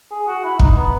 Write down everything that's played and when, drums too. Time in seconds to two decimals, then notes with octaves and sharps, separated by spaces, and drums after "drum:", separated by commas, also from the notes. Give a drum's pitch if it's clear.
0.11 G#4
0.27 F#4
0.44 E4
0.59 D#4, drum: kick
0.76 B3